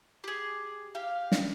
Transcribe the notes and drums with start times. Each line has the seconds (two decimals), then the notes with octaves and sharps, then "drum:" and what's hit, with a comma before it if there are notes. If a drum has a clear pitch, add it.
0.24 G4 G#4
0.95 G4 F5
1.32 drum: snare